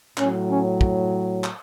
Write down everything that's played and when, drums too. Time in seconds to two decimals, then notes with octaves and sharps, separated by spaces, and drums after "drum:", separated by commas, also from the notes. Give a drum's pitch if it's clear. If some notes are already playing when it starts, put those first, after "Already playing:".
0.17 A2 F#3 C#4, drum: clap
0.49 C#4
0.81 drum: kick
1.44 drum: clap